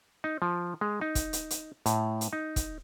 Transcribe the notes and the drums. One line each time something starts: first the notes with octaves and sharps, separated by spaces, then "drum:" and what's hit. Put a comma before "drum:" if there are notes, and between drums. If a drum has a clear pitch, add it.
D#4
F3
G#3
D#4
drum: kick, hi-hat
drum: hi-hat
drum: hi-hat
A2, drum: hi-hat
drum: hi-hat
D#4
drum: kick, hi-hat